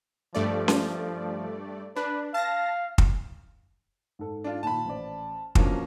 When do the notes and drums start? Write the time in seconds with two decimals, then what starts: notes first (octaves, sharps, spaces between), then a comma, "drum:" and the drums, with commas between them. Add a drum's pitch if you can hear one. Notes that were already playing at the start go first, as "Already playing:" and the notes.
0.35 G2 F3 A3 D5
0.68 drum: snare C#4
1.96 D4 B4
2.34 F5 A5 A#6
2.98 drum: kick
4.19 G#2 A4
4.44 D4 F4
4.63 A#2 D#3 A5 B5
4.85 A1 C5 D5
5.55 B2 E3 F3 A#3 C#4 D4, drum: kick